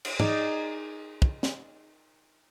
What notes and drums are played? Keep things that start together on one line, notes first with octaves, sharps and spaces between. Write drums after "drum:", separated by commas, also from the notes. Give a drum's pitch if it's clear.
drum: cymbal
D#4 G#4 D5, drum: tom
drum: kick
drum: snare